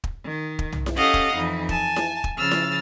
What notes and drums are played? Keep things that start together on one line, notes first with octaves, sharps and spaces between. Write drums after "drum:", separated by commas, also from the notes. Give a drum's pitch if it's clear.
drum: kick
D#3
drum: kick
drum: tom
drum: snare E4
C#4 G4 A4 D#5 F5 F#5
drum: kick
F2 E3 D#4
G#5 A5, drum: kick
drum: snare E4
drum: kick
C#3 F3 E6 F6 A6
drum: snare E4